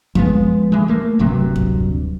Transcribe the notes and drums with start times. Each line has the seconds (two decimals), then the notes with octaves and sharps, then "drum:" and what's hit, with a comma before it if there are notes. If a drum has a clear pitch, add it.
0.15 F3 G#3 B3, drum: kick F#2
0.72 E3 G#3
0.88 A3 A#3
1.19 D1 G2 C3 F#3
1.56 drum: kick F#2